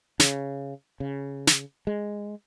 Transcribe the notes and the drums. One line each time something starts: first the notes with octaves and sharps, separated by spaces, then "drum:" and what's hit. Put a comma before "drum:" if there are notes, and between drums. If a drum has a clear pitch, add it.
C#3, drum: snare
C#3
drum: snare
G#3